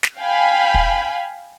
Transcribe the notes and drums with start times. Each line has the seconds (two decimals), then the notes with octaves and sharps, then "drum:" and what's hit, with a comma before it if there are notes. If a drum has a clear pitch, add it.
0.03 drum: snare
0.19 F5 G5 G#5 B5
0.74 drum: kick